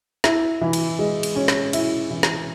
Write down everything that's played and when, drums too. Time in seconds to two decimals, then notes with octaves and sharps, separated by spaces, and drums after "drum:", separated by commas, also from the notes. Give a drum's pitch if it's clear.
0.24 E4, drum: snare
0.61 E3
0.73 drum: cymbal
0.99 G#3
1.23 drum: cymbal
1.36 C#4
1.48 drum: snare
1.73 E4, drum: cymbal
2.11 E3
2.23 drum: snare